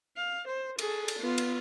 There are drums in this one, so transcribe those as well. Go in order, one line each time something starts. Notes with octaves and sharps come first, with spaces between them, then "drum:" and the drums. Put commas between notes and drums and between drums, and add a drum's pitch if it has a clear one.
F5
C5
G#4 A4, drum: cymbal
drum: cymbal
B3 F4
drum: cymbal